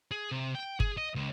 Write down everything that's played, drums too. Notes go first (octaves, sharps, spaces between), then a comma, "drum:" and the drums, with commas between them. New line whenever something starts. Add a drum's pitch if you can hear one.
G#4
C3
G5
G#4, drum: kick G1
D#5
C#2